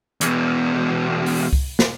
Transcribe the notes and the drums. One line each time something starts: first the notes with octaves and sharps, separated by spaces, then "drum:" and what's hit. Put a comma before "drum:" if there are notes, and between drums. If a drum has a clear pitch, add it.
E2 B2, drum: hi-hat
drum: open hi-hat
drum: kick C2
drum: snare